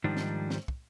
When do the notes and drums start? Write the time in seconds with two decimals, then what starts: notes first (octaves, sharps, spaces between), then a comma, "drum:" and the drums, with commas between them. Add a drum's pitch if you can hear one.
0.04 G#2 D#3 F3 G3 D4
0.17 drum: snare
0.50 drum: snare
0.68 drum: kick